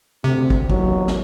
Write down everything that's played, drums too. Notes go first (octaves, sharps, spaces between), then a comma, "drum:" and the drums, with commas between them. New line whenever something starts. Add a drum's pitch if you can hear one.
D2 C3 C4
drum: kick
E1 D#2 F#3, drum: kick
drum: snare